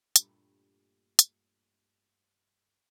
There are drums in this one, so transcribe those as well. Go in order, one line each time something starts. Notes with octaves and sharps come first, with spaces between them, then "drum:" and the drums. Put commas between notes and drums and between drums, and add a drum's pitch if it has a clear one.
G2 A#2 G3 A3, drum: hi-hat
drum: hi-hat